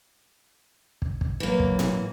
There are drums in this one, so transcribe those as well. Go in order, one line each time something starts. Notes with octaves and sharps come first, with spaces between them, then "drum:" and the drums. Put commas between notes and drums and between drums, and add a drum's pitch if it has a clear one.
drum: kick
drum: kick
E3 F#3 A#3
drum: kick
drum: tom A2